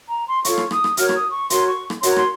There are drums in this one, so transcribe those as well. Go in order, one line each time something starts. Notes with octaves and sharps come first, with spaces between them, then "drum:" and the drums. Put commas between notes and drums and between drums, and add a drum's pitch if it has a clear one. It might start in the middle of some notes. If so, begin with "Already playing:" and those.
A#5
C6
F4 A4 C#5 C#6, drum: hi-hat
drum: rim click
D#6, drum: rim click
drum: rim click
F#4 A#4 C#5 F6, drum: hi-hat
C#6, drum: rim click
D#6
C#6
F#4 A#4 C#5 C6, drum: hi-hat
C#6
drum: rim click
F#4 A#4 C#5 C6, drum: hi-hat
A#5
C6, drum: rim click